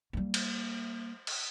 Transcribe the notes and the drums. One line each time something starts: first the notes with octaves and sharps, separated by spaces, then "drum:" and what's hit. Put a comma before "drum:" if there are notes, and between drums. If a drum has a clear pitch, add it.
G3 A#3
drum: cymbal
drum: cymbal